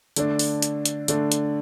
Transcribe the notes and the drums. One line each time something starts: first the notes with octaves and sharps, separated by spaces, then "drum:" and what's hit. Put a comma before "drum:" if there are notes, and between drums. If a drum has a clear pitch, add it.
D3 A3 D4, drum: hi-hat
drum: open hi-hat
drum: hi-hat
drum: hi-hat
D3 A3 D4, drum: hi-hat
drum: hi-hat